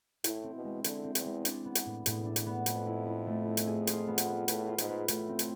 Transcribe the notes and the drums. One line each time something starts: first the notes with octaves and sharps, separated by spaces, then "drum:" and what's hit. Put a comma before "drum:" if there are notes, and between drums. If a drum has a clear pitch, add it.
A2 E4, drum: hi-hat
C4
B2
G#3
D3 E4, drum: hi-hat
C4
E2, drum: hi-hat
G#3
D4, drum: hi-hat
B3
drum: hi-hat
A2
E2 A2, drum: hi-hat
D4
drum: hi-hat
B3
F2 B4, drum: hi-hat
E4
E4
A3
E4
drum: hi-hat
G#4
F4, drum: hi-hat
B3
drum: hi-hat
B3
A2 B4, drum: hi-hat
F4
G#2, drum: hi-hat
B4
A2 A3, drum: hi-hat
C4
drum: hi-hat